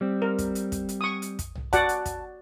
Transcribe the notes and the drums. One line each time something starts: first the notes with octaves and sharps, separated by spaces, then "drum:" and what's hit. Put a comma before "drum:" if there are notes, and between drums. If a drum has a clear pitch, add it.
G3 C4
A#4
drum: kick, hi-hat
drum: hi-hat
drum: kick, hi-hat
drum: hi-hat
C#6 D#6
drum: hi-hat
drum: kick, hi-hat
drum: tom
F#4 D5 F#5 A5, drum: kick, hi-hat
drum: hi-hat
drum: kick, hi-hat